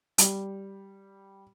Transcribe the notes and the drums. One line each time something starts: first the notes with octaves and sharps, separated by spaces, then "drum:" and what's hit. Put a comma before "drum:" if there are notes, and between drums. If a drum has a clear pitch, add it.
G3, drum: hi-hat